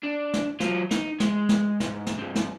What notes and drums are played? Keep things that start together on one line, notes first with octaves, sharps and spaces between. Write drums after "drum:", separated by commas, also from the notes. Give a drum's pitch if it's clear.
D4
drum: snare
F#3 F4, drum: snare
D#4, drum: snare
G#3, drum: snare
drum: snare
B1 G#2, drum: snare
drum: snare
G2 C4
drum: snare